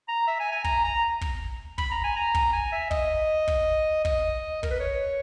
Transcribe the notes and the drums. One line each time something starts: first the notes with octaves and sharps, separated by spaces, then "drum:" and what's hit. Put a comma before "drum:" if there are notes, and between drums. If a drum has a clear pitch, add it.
A#5
E5
G#5
G#5
A#5, drum: kick
A#5
drum: kick
B5, drum: kick
A#5
G#5
A#5
drum: kick
G#5
E5
D#5, drum: kick
drum: kick
D#5, drum: kick
A#4, drum: kick
B4
C#5